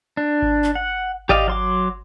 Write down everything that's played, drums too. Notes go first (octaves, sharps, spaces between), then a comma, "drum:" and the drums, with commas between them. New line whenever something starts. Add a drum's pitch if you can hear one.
D4
drum: kick G#1
drum: clap
F#5
G4 D5 D#5 F5, drum: kick G#1
F#3 C6 D6